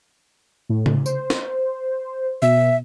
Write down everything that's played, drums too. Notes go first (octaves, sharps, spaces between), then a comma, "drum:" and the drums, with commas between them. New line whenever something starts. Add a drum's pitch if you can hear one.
A2
drum: tom C#3
C5, drum: tambourine
drum: snare
B2 E5